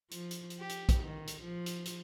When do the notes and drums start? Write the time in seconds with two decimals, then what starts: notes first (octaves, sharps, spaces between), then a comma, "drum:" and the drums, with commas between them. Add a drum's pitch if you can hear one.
0.11 F3, drum: hi-hat
0.31 drum: hi-hat
0.50 drum: hi-hat
0.60 G4
0.69 drum: hi-hat
0.89 drum: kick A#1, hi-hat
1.04 D#3
1.27 drum: hi-hat
1.42 F3
1.66 drum: hi-hat
1.85 drum: hi-hat